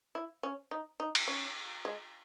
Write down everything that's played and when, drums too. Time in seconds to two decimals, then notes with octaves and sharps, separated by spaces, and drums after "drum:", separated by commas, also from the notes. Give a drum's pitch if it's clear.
0.15 E4
0.43 C#4
0.71 D#4
1.00 D#4
1.15 drum: cymbal
1.28 C#4
1.85 G#3